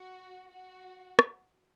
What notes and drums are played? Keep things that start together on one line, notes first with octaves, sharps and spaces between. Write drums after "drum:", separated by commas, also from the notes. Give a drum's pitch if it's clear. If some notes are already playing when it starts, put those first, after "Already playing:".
Already playing: F#4
F#4
drum: rim click